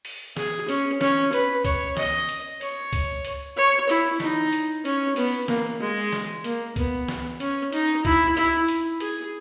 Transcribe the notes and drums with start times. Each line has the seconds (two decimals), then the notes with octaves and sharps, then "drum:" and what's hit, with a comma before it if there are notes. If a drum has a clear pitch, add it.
0.05 drum: open hi-hat
0.37 G#4, drum: snare
0.69 C#4, drum: hi-hat
1.01 C#4, drum: snare
1.33 B4, drum: hi-hat
1.65 C#5, drum: kick C#2, hi-hat
1.97 D#5, drum: snare
2.29 drum: hi-hat
2.61 C#5, drum: hi-hat
2.93 drum: kick C#2, hi-hat
3.25 drum: hi-hat
3.57 C#5
3.89 E4, drum: hi-hat
4.20 D#4, drum: snare
4.53 drum: hi-hat
4.85 C#4, drum: hi-hat
5.16 B3, drum: open hi-hat
5.48 A#3, drum: snare
5.81 G#3
6.13 drum: snare
6.44 A#3, drum: hi-hat
6.76 B3, drum: kick C#2, hi-hat
7.08 drum: snare
7.40 C#4, drum: hi-hat
7.73 D#4, drum: hi-hat
8.05 E4, drum: kick C#2, hi-hat
8.37 E4, drum: hi-hat
8.68 drum: hi-hat
9.00 G#4, drum: hi-hat